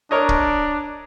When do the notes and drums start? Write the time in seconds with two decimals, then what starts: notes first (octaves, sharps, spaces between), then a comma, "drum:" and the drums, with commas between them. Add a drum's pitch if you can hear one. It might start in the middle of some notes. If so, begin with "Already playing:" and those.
0.11 D4 A#4 C#5 D#5
0.29 drum: kick